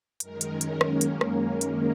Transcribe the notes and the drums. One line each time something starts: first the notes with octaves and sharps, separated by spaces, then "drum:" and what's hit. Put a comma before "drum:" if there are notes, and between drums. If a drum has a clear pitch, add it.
F#2 D#3 G#3 A#4, drum: hi-hat
drum: hi-hat
C#4
drum: hi-hat
A#3, drum: rim click
drum: hi-hat
drum: rim click
drum: hi-hat